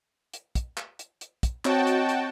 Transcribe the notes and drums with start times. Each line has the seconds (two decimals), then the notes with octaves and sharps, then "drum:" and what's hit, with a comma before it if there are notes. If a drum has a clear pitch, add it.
0.34 drum: hi-hat
0.55 drum: kick, hi-hat
0.77 drum: clap
0.99 drum: hi-hat
1.21 drum: hi-hat
1.43 drum: kick, hi-hat
1.65 C4 F#4 C#5 D#5 G5 A5, drum: clap
1.87 drum: hi-hat
2.09 drum: hi-hat